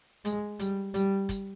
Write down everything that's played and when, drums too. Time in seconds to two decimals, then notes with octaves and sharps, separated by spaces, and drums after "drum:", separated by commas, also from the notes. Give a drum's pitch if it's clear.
0.25 G#3, drum: hi-hat
0.59 G3, drum: hi-hat
0.94 G3, drum: hi-hat
1.29 drum: kick, hi-hat